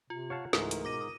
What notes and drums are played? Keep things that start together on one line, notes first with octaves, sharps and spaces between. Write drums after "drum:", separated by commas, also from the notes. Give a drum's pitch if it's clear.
C3 F4
C#5 F5 F#5 A5
C#2 G#2 E3 A3 A#4, drum: snare
drum: hi-hat
B2 D6 A#6 D#7
D#6